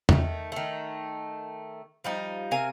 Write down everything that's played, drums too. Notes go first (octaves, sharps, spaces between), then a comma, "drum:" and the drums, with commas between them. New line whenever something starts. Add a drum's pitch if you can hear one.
D#3 A3, drum: tom E2
D#3 A3
F3 G3 D#4
C3 A#4 F5 G#5